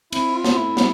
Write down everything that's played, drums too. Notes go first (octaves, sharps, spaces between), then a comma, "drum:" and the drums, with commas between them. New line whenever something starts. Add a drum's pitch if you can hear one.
C4 E4, drum: cymbal
F4
A3, drum: snare
E4
G3, drum: snare